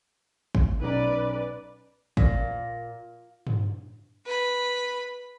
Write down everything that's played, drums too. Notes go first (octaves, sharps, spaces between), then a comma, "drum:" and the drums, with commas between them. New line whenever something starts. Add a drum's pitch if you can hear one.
drum: kick
B1 C#4 B4 D5 A#5
A#2, drum: kick
drum: tom
B4 B5